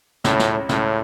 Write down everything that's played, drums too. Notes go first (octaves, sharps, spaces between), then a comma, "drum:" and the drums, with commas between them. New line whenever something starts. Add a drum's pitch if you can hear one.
C#2 A2, drum: snare
drum: snare
C#2 A2, drum: snare